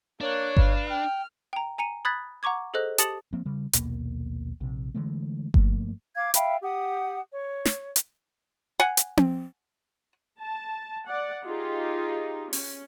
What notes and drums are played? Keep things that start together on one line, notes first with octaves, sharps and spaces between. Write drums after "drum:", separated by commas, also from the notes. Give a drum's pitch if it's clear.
A#3 D4 C#5 F#6
B4 F5, drum: kick G1
G5 F6
G5 A#5
G#5 A#5 C#7 D#7
B5 D#6 F#6 G#6 A6 B6
F#5 A#5 C#6 D6 G#6
G#4 A4 C5 D#5 F#6
G4 A5 D#6 A6 C#7 F#7, drum: hi-hat
F3 A#3 C4
C#3 G3
A#1 D#2 B2 A#3, drum: hi-hat
A#1 C3
D3 E3 G#3 A3
G2 F3 A3 A#3, drum: kick G1
F5 D6 G#6
E5 F5 G5 B5, drum: hi-hat
G4 F#5 D#6
C#5
drum: snare
drum: hi-hat
F#5 G#5
drum: hi-hat
drum: tom C4
A5
D5 F#5
D#4 F4 G4 G#4
C#4, drum: open hi-hat